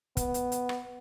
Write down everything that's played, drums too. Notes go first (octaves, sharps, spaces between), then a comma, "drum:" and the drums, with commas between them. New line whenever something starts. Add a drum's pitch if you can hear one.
B3, drum: kick, hi-hat
drum: hi-hat
drum: hi-hat
drum: rim click